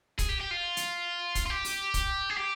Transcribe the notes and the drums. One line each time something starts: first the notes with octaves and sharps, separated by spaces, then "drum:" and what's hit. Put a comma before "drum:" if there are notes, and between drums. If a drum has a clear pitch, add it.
G#4, drum: kick, hi-hat
G4
G4
F4
drum: hi-hat
drum: kick, hi-hat
F4
G4
drum: open hi-hat
drum: kick, hi-hat
G#4
G4